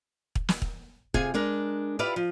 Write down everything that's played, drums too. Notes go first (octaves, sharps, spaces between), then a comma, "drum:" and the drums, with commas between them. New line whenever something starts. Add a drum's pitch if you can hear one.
drum: kick
drum: snare
drum: kick
C3 F4 G#4 G#5, drum: kick
G#3 D4 A#4
E4 F4 G4 B4 D5 F5
F3